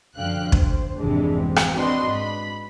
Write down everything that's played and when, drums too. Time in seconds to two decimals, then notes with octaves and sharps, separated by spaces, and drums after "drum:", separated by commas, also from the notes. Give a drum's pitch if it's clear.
0.17 F#2 D3 F3 F5 G5 F#6
0.52 C5, drum: kick
0.98 G#1 F2 C3 E3 G#3 D4
1.41 C4
1.56 drum: rim click
1.74 C4 D4 F#4 B4 D#5 C6
2.10 G#2 B5